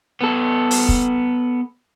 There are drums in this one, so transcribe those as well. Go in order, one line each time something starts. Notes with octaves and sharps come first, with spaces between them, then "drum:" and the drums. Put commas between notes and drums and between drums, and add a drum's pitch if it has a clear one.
B3 A4
drum: open hi-hat
drum: kick